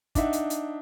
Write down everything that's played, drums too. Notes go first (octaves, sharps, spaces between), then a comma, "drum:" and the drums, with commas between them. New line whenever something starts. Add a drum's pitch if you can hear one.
D4 D#4 E5 F#5, drum: kick, hi-hat
drum: hi-hat
drum: hi-hat